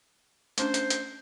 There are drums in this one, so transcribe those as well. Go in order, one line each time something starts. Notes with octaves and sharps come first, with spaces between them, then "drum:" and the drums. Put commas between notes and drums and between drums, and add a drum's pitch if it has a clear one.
A3 C#4 D4 C5, drum: hi-hat
drum: hi-hat
drum: hi-hat